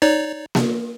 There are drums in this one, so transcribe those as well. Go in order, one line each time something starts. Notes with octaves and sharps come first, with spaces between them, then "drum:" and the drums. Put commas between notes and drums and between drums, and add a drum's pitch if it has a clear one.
D#4 C#5 D5
drum: snare A#3